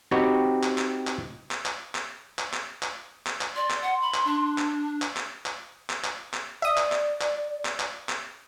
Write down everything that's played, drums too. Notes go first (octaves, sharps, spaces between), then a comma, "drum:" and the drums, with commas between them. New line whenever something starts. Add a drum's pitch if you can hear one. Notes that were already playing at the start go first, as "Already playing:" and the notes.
C4 D#4 F#4 G4 B4 C#5
drum: clap
drum: clap
drum: clap
drum: clap
drum: clap
drum: clap
drum: clap
drum: clap
drum: clap
drum: clap
drum: clap
D5 C6
drum: clap
F#5
B5
drum: clap
D4
drum: clap
drum: clap
drum: clap
drum: clap
drum: clap
drum: clap
drum: clap
D5 E5 D#6
drum: clap
drum: clap
drum: clap
drum: clap
drum: clap
drum: clap